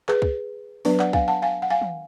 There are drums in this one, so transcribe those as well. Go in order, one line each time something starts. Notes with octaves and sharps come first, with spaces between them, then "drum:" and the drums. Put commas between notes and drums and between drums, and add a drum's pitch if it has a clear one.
G#4 B4, drum: clap
drum: kick C2
F#3 B3 D4 B4 D5, drum: open hi-hat
D5 F#5, drum: clap
F5 G#5, drum: kick C2
F#5 A5
F5 G#5
F#5
F5 G#5
drum: tom